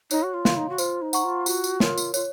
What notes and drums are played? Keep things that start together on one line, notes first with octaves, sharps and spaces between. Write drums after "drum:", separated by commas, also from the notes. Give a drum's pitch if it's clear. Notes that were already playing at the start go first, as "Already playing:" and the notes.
D#4 C#5, drum: tambourine
F#4
F4
F5 C6, drum: snare
D#4
F#4
F4 C5, drum: tambourine
D#4
F#5 A#5 C#6, drum: tambourine
F4
F4 F#4, drum: tambourine
drum: tambourine
F4 A#4 C#5, drum: snare
drum: tambourine
F4 C#5, drum: tambourine